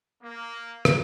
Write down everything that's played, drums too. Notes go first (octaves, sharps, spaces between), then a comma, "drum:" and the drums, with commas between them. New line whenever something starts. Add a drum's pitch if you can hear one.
A#3
drum: rim click